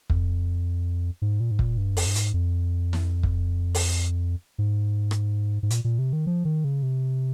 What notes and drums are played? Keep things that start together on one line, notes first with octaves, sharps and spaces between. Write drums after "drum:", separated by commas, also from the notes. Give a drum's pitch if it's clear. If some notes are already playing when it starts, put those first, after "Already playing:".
F2, drum: kick
G#2
A#2
G#2
A#2, drum: kick
G2
F2, drum: open hi-hat
G2
G#2, drum: hi-hat
F2
drum: snare
drum: kick
drum: open hi-hat
G#2
drum: rim click
G#2
A#2, drum: hi-hat
A#2
C3
D#3
F3
D#3
C#3
C3